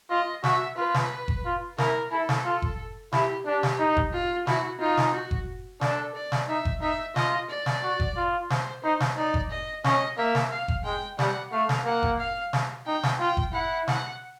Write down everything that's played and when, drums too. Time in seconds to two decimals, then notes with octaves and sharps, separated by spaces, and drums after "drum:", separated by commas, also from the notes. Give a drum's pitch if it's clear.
0.10 F4 D#5
0.44 F#4 E5, drum: snare
0.77 F4 B4
0.94 drum: snare
1.28 drum: kick F#1
1.45 F4
1.78 E4 A#4, drum: snare
2.12 E4 A4
2.29 drum: snare
2.45 F4
2.62 drum: kick F#1
3.12 E4 G4, drum: snare
3.46 D4 G4
3.63 drum: snare
3.80 D#4
3.97 drum: kick F#1
4.13 F4
4.47 E4 F#4, drum: snare
4.80 D#4 F4
4.97 drum: snare
5.14 F#4
5.31 drum: kick F#1
5.81 D4 A4, drum: snare
6.15 D5
6.32 drum: snare
6.49 D#4 E5
6.65 drum: kick F#1
6.82 D#4 E5
7.16 F4 D#5, drum: snare
7.50 D5
7.66 drum: snare
7.83 F#4
8.00 drum: kick F#1
8.17 F4
8.50 C5, drum: snare
8.84 D#4 C5
9.00 drum: snare
9.17 D#4 D5
9.34 drum: kick F#1
9.51 D#5
9.84 C#4 D#5, drum: snare
10.18 A#3 E5
10.35 drum: snare
10.52 F5
10.68 drum: kick F#1
10.85 G#3 G5
11.19 G3 F#5, drum: snare
11.52 A3 F5
11.69 drum: snare
11.85 A#3 F#5
12.03 drum: kick F#1
12.19 F5
12.53 drum: snare
12.87 D#4 G5
13.03 drum: snare
13.20 F4 G5
13.37 drum: kick F#1
13.53 E4 F#5
13.88 F#5, drum: snare